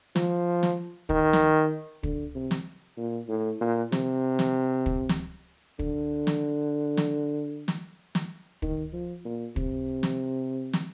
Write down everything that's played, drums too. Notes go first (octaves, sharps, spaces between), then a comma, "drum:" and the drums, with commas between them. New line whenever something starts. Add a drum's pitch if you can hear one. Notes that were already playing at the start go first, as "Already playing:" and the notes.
F3, drum: snare
drum: snare
D#3, drum: kick
drum: snare
D3, drum: kick
C3
drum: snare
A#2
A2
A#2
C3, drum: snare
drum: snare
drum: kick
drum: snare
D3, drum: kick
drum: snare
drum: snare
drum: snare
drum: snare
D#3, drum: kick
F3
A#2
C3, drum: kick
drum: snare
drum: snare